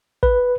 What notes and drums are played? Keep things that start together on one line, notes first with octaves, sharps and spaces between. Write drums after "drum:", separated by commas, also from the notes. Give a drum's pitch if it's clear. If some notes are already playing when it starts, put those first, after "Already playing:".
B4, drum: kick